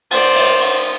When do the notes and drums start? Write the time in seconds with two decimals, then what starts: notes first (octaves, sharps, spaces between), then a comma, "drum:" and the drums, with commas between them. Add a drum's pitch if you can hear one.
0.11 C5 D5, drum: cymbal
0.36 drum: cymbal
0.61 drum: cymbal